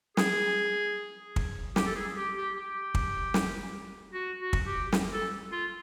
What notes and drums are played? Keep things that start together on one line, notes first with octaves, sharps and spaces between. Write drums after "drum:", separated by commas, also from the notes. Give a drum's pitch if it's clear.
G#4, drum: snare
drum: kick
G4, drum: snare
A4
G#4
G4
G4
G4
drum: kick
drum: snare
F#4
F#4
drum: kick
G4
drum: snare
A4
F4